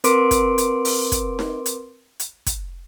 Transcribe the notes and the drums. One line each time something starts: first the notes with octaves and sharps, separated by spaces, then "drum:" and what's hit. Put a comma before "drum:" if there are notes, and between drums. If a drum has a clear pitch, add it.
C4 A#4 B4 C6 D6 D7, drum: hi-hat
drum: kick, hi-hat
drum: hi-hat
drum: open hi-hat
drum: kick, hi-hat
drum: snare D#4
drum: hi-hat
drum: hi-hat
drum: kick, hi-hat